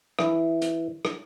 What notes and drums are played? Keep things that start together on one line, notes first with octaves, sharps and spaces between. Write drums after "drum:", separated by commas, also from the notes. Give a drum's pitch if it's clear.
E3, drum: rim click
drum: hi-hat
drum: rim click